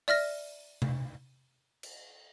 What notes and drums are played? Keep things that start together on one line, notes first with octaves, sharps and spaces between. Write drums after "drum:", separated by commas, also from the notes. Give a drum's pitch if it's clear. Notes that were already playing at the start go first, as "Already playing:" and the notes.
D5 E5 F6 A#6, drum: open hi-hat
drum: tom C3
drum: cymbal